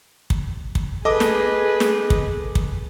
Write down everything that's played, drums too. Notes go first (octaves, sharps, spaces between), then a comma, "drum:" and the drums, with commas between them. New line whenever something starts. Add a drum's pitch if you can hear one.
drum: kick
drum: kick
G#4 A4 B4 D#5 D6
drum: snare
drum: snare
drum: kick
drum: kick